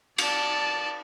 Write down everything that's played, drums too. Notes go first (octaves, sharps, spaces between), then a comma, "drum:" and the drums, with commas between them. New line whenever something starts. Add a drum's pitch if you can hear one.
D5 A5, drum: cymbal